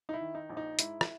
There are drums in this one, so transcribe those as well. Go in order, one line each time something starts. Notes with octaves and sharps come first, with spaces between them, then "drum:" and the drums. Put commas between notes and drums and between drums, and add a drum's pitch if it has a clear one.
D#4
E4
D#3
D#4
A#1
D#4
G#2 E4, drum: hi-hat
drum: rim click